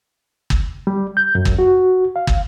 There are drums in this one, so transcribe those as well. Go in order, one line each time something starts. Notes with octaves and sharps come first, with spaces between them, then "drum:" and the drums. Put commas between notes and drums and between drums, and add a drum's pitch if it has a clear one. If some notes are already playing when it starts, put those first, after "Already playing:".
drum: kick
G3
G6
F#2
drum: kick
F#4
F5
drum: kick